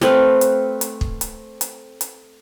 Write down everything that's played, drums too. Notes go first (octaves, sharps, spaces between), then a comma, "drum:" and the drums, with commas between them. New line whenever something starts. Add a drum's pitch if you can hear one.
A3 C4 B4 F5, drum: snare
drum: hi-hat
drum: hi-hat
drum: kick
drum: hi-hat
drum: hi-hat
drum: hi-hat